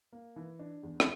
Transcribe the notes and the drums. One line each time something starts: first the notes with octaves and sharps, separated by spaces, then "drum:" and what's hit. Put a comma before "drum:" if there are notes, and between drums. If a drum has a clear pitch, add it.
A#3
E3
D4
E2
drum: rim click